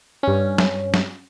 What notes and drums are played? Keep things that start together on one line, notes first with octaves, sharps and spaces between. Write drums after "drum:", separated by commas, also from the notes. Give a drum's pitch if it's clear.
G2 C#4
drum: snare
drum: snare